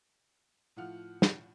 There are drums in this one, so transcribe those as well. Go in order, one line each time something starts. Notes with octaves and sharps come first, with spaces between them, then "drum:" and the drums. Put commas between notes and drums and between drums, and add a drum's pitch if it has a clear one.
A2 F3 F4 F#5 F6
drum: snare